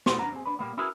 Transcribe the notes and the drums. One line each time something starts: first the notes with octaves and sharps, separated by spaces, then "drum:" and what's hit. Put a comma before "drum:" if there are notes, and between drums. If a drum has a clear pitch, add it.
B2 A3 E4 C6, drum: snare
C#4 D4 B4 F#5 A#5
C4 G#4
D4 B4
A#2 G3 A#3 B3
C#4 E4 F#4 G#4 A#4 B4